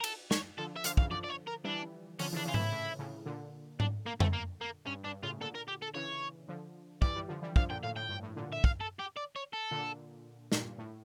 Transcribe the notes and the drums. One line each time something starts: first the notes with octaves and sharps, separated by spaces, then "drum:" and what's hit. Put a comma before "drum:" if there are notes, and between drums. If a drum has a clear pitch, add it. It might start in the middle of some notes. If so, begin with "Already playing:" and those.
A#4
A4, drum: cymbal
C#5, drum: snare
D3 F3 A4
E5
D3 F3 F5, drum: hi-hat
C#3 E3 F5, drum: kick
D3 F3 D5
D5
C#5
A#4
E3 G3 D4
D3 F3 C#4, drum: open hi-hat
C#3 E3
D4
C#3 E3 F4
A2 E4, drum: tom G#2
A2
A2 C#3
A#2 D3
D4, drum: tom G#2
A#3
A3, drum: tom F2
A#3
A#3
G2 C#4
G2 D4
A2 C#3 F4
A#2 D3 A4
A#4
G4
A4
C#3 E3 C#5
D3 F3
E3 G3 D5, drum: kick
E3 G3
D3 F3
E3 G3
D3 F3 F5, drum: kick
A#2 D3 G5
A2 F5
A2 G5
G2
A2
A#2 D3
E5
F5, drum: kick
A4
G4
D5
C#5
A4
A#2 D3
G2 A#2, drum: snare
A2